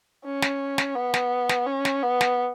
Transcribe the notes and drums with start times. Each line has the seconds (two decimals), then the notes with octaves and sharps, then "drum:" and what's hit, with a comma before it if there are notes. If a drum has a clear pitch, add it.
0.24 C#4
0.42 drum: snare
0.78 drum: snare
0.96 B3
1.14 drum: snare
1.49 drum: snare
1.67 C#4
1.85 drum: snare
2.03 B3
2.21 drum: snare